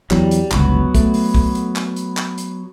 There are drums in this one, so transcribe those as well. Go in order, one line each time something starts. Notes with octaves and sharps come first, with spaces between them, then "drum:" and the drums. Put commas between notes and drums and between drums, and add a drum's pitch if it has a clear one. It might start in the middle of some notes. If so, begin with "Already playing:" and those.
E2 F#3 G3, drum: clap
drum: hi-hat
D1 G1 C#2 F#3 B3 F#4, drum: clap
A3, drum: kick, hi-hat
drum: open hi-hat
drum: kick
drum: hi-hat
drum: clap
drum: hi-hat
drum: clap
drum: hi-hat